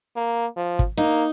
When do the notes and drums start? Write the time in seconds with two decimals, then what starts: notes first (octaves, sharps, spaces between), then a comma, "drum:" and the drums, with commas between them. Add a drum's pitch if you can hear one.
0.16 A#3
0.56 F3
0.79 drum: kick
0.97 A#3 D#4